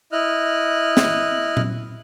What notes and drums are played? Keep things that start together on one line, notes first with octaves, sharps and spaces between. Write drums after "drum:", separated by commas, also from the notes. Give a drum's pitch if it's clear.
E4 D#5 F6 F#6
drum: snare
drum: tom A#2